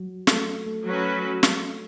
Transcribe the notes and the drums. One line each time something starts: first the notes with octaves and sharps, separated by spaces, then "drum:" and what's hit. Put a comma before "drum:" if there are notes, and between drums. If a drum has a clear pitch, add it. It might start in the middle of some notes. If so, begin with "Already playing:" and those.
Already playing: F#3 F#4
A3 A4, drum: snare
A3 A4
F#3 C#4 F#4 B4
drum: snare